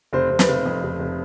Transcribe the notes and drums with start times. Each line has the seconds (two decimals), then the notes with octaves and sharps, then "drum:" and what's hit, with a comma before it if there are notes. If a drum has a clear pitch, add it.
0.13 F1 C5
0.30 F1
0.39 B4, drum: snare
0.48 F1
0.65 F2
0.83 F1
1.00 F1